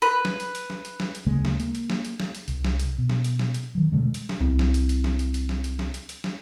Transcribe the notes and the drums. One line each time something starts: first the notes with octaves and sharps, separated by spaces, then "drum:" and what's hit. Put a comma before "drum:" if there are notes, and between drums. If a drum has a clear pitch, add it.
B4
drum: snare
drum: hi-hat
drum: hi-hat
drum: snare
drum: hi-hat
drum: snare
drum: hi-hat
D2 C#3 G#3 A#3
drum: snare
A#3, drum: hi-hat
drum: hi-hat
drum: snare
drum: hi-hat
drum: snare
drum: hi-hat
C2, drum: hi-hat
drum: snare
drum: hi-hat
B2
drum: snare
drum: hi-hat
drum: snare
drum: hi-hat
D#3 F#3
B2 D3 G#3 A3
drum: hi-hat
drum: snare
C2 E4
drum: snare
drum: hi-hat
drum: hi-hat
drum: snare
drum: hi-hat
drum: hi-hat
drum: snare
drum: hi-hat
drum: snare
drum: hi-hat
drum: hi-hat
drum: snare